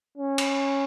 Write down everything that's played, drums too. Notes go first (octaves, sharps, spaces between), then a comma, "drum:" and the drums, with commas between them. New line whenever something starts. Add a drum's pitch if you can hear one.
C#4
drum: cymbal